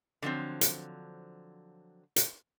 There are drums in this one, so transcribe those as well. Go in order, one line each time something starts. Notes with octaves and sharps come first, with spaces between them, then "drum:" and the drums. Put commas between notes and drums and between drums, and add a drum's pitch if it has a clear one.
D3 F3 F#3 A#3 C4
drum: hi-hat
drum: hi-hat